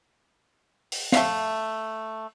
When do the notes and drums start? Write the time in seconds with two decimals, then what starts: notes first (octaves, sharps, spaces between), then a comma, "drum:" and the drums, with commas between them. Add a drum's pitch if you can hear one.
0.92 drum: open hi-hat
1.12 A3 E5 F5, drum: snare